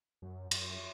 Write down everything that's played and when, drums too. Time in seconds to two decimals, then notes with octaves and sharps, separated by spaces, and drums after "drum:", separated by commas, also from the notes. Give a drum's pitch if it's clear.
0.22 F#2
0.51 F#2, drum: cymbal